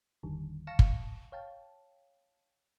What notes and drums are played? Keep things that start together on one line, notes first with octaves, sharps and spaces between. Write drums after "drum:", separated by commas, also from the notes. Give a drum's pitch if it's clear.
G1 E2 D3 D#3 G3
F5 A5 C#6 A#6 C#7 E7
drum: kick
C#5 F5 G5 A5